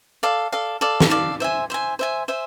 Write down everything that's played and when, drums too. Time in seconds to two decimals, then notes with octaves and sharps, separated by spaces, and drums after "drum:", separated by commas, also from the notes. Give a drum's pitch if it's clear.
0.23 A4 D5 F5
0.52 A4 D5 F5
0.81 A4 D5 F5
1.00 drum: snare
1.10 A4 D5 F5
1.40 C5 E5 G#5
1.70 C5 E5 G#5
1.99 C5 E5 G#5
2.28 C5 E5 G#5